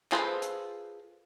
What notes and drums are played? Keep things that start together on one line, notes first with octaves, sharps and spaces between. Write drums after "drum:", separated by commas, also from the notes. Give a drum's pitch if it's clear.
F4 G#4 A4 B4 C5, drum: clap
drum: hi-hat